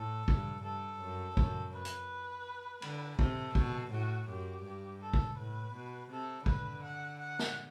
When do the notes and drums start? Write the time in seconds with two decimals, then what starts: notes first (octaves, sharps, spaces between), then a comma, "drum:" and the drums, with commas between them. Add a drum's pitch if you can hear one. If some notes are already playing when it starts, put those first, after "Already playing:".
Already playing: A2 A4
0.28 G2, drum: kick
0.63 G2 A4
1.01 F#2
1.37 F#2, drum: kick
1.73 B4
1.85 drum: hi-hat
2.82 D3, drum: cymbal
3.19 C3 A4, drum: kick
3.55 B2, drum: kick
3.91 A2 F#4
4.28 F#2 G4
4.64 G2
5.01 A4
5.14 drum: kick
5.37 A2 B4
5.74 B2
6.11 C3 A4
6.46 D3 B4, drum: kick
6.83 F#5
7.19 F#5
7.39 drum: snare